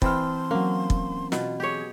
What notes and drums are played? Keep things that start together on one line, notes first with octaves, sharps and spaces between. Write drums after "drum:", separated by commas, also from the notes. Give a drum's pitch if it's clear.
E3 C4 A5 B5 C6 F6, drum: kick
F#3 A#3 C#4
drum: kick
B2 F4, drum: snare
G4 G#4 C#5